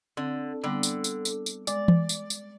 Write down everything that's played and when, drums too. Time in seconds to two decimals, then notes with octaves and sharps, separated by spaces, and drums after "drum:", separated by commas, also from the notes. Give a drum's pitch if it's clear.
0.17 D3 C4
0.64 D3 G3 B3
0.83 drum: tambourine
1.04 drum: tambourine
1.25 drum: tambourine
1.46 drum: tambourine
1.67 G#3 D5, drum: tambourine
1.88 drum: tom E3
2.09 drum: tambourine
2.30 drum: tambourine